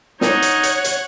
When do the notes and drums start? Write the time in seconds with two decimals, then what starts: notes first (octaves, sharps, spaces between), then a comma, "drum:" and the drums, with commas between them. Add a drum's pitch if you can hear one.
0.21 D#4 C#5 F#5, drum: snare
0.42 drum: hi-hat
0.63 drum: hi-hat
0.84 drum: hi-hat